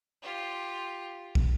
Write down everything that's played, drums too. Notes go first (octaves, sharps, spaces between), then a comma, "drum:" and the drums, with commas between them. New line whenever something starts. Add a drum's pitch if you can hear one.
F4 G4
drum: kick